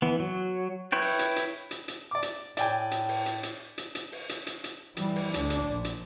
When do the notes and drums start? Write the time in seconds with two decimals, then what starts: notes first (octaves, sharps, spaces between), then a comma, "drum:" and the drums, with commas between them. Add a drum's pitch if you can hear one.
0.02 E3 B3
0.20 F#3
0.92 E4 B4 C#5 G5
1.02 drum: open hi-hat
1.19 drum: hi-hat
1.36 drum: hi-hat
1.71 drum: hi-hat
1.88 drum: hi-hat
2.11 D5 D6
2.22 drum: hi-hat
2.57 A2 D5 G5 G#5, drum: hi-hat
2.91 drum: hi-hat
3.09 drum: open hi-hat
3.26 drum: hi-hat
3.43 drum: hi-hat
3.78 drum: hi-hat
3.95 drum: hi-hat
4.12 drum: open hi-hat
4.29 drum: hi-hat
4.47 drum: hi-hat
4.64 drum: hi-hat
4.97 E3 G3, drum: hi-hat
5.16 drum: open hi-hat
5.34 D2 D4, drum: hi-hat
5.50 drum: hi-hat
5.68 A#1
5.85 drum: hi-hat